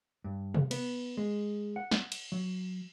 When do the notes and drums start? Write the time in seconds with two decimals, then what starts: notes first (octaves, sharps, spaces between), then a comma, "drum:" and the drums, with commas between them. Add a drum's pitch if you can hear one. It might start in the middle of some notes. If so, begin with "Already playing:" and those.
0.24 G2
0.54 drum: tom C3
0.71 B3, drum: cymbal
1.17 G#3
1.76 F#5
1.91 drum: snare
2.12 drum: cymbal
2.32 F#3